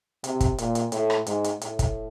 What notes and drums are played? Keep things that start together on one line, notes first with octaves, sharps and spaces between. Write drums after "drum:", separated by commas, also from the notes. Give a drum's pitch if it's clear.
C3, drum: hi-hat
drum: kick, hi-hat
A#2, drum: hi-hat
drum: hi-hat
A2, drum: hi-hat
drum: rim click
G#2, drum: hi-hat
drum: hi-hat
A2, drum: hi-hat
drum: kick, hi-hat